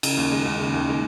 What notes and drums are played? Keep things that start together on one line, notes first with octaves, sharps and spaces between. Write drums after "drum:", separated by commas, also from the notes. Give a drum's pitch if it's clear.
C#3, drum: cymbal
D#2
G#3
D#2
C#3
D#2
G#3